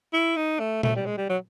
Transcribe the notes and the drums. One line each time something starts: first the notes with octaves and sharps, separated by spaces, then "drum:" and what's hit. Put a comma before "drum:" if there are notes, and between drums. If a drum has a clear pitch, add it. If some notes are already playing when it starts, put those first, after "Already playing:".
E4
D#4
A3
A3, drum: tom A#2
G3
G#3
G3
F#3